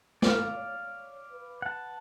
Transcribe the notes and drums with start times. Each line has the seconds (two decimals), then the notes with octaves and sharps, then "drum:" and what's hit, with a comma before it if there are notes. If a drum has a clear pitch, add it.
0.22 D5 F5, drum: snare
0.56 C#5
1.32 B4
1.62 F#5 A5